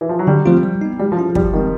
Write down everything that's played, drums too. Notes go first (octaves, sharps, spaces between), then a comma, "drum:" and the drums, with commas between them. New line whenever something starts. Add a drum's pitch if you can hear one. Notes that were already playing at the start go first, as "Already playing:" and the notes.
E3
F3
F#3
D3 G3
F3 A3 C4 F4
G3
B3 D#4
G3 G#3
F3
C#4 E4 G#4
F3 G3, drum: kick
D#3 G#3 C4